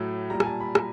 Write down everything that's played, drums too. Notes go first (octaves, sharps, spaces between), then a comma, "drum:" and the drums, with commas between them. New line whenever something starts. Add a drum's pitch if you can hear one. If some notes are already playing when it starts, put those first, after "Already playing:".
Already playing: A2 F#3 A3
A#2 G3 A#5
G#5, drum: rim click
A5
B5
A#5, drum: rim click